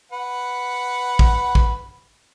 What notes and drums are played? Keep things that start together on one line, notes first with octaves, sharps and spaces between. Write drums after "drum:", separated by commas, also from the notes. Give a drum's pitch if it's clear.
B4 F#5
drum: kick
drum: kick